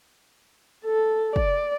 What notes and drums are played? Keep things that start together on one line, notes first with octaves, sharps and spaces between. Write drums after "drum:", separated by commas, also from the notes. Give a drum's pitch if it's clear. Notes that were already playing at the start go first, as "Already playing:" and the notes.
A4
D5, drum: kick